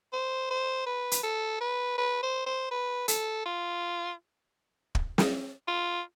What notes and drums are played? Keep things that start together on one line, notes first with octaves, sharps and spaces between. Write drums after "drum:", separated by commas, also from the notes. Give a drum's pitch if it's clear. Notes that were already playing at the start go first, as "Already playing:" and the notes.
C5
C5
B4
drum: hi-hat
A4
B4
B4
C5
C5
B4
A4, drum: hi-hat
F4
drum: kick
drum: snare
F4